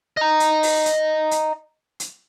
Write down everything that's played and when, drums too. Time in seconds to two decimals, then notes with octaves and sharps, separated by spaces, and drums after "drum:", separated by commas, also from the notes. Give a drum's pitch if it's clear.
0.17 D#5 A#5
0.40 drum: hi-hat
0.63 drum: open hi-hat
0.86 drum: hi-hat
1.31 drum: hi-hat
2.00 drum: hi-hat